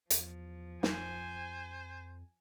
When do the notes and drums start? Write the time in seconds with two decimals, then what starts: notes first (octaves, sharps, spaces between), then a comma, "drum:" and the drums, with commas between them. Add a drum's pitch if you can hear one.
0.10 E2 F3, drum: hi-hat
0.83 F2 C5 G#5, drum: snare